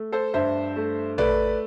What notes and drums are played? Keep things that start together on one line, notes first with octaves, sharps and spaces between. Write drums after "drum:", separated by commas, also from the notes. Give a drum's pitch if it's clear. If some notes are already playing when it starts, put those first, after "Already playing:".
Already playing: A3
A4 C5
G2 C5 E5
A3
A3 B4 D5, drum: tom